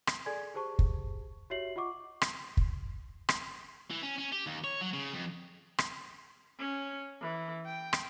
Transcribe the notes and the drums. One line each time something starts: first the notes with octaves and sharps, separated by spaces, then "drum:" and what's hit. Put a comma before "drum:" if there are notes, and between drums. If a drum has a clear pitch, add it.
drum: rim click
G#4 A4 D5 G#5 G#6
G4 G#4 C5 A5 C#6
drum: kick
F#4 G4 C#5 E5 C7 F#7
F4 D#5 F#5 C#6 D6
drum: rim click
drum: kick
drum: rim click
E3
C#4
C#4
G4
D#2
C#5
F#3
C#3
F2
drum: rim click
C#4
E3
G5
drum: rim click